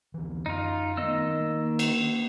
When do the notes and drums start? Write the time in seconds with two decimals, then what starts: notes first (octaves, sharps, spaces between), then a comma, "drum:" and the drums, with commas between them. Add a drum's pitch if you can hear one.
0.14 D2 E3
0.46 F#2 D#4 F4
0.97 D#3 A3 B3 D#5 E6
1.41 A#3
1.79 drum: cymbal